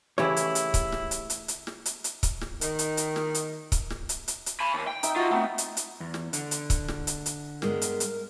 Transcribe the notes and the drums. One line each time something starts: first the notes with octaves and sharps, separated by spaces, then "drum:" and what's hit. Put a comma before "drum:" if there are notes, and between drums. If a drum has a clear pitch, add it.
C#3 E3 A3 E4 G4 C#5, drum: snare
drum: hi-hat
drum: hi-hat
drum: kick C#1, hi-hat
drum: snare
drum: hi-hat
drum: hi-hat
drum: hi-hat
drum: snare
drum: hi-hat
drum: hi-hat
drum: kick C#1, hi-hat
drum: snare
D#3, drum: hi-hat
drum: hi-hat
drum: hi-hat
drum: snare
drum: hi-hat
drum: kick C#1, hi-hat
drum: snare
drum: hi-hat
drum: hi-hat
drum: hi-hat
G#5 B5
D#2
G5
D#4 E5, drum: hi-hat
F4 F#4 D#5
A3 B3 C4 D#4
drum: hi-hat
drum: hi-hat
E2
drum: snare
D3, drum: hi-hat
drum: hi-hat
drum: kick C#1, hi-hat
drum: snare
drum: hi-hat
drum: hi-hat
G2 G#3 B3 A#4, drum: snare
drum: hi-hat
drum: hi-hat